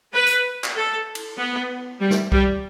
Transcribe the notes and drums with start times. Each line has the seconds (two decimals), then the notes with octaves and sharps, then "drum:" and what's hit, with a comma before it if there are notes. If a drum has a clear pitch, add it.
0.14 B4
0.27 drum: hi-hat
0.64 drum: clap
0.76 A4
1.15 drum: cymbal
1.38 B3
2.00 G3
2.11 drum: snare
2.32 G3, drum: kick B1